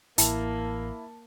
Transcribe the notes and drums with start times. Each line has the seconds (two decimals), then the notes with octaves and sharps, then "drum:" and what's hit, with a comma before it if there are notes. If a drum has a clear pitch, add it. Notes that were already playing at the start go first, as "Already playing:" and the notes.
0.18 A1 A#3 E4 A5, drum: hi-hat